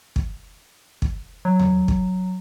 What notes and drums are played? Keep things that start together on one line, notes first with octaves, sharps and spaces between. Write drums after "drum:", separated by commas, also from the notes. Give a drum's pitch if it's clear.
drum: kick
drum: kick
F#3
drum: tom D#2
drum: kick